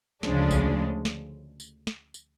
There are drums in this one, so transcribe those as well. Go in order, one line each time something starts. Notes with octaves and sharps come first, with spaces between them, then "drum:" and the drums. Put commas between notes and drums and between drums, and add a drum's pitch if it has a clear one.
D2 C#3 F3 G#3 D4, drum: snare
drum: kick B1, tambourine
drum: snare
drum: tambourine
drum: snare
drum: tambourine